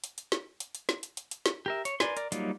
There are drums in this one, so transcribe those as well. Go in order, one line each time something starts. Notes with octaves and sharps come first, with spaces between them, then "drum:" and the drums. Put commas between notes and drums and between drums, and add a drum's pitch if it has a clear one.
drum: hi-hat
drum: hi-hat
drum: snare
drum: hi-hat
drum: hi-hat
drum: snare
drum: hi-hat
drum: hi-hat
drum: hi-hat
drum: snare
G4 A#4 E5
C#5, drum: hi-hat
A#4 B4 D5 G#5 C6, drum: snare
A#4 D5, drum: hi-hat
F#3 G3 A#3 D#4 F4, drum: hi-hat